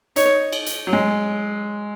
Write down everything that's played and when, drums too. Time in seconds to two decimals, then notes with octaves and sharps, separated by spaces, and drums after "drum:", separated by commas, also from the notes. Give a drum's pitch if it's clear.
0.16 D#4 C#5, drum: hi-hat
0.53 drum: cymbal
0.66 drum: hi-hat
0.87 F#3
0.93 G#3